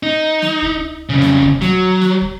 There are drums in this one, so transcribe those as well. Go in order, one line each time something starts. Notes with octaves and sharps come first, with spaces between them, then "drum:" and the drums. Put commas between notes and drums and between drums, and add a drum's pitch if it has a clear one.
D#4
drum: snare
drum: kick
F2 C#3
drum: snare
drum: kick
F#3, drum: snare
drum: snare
drum: kick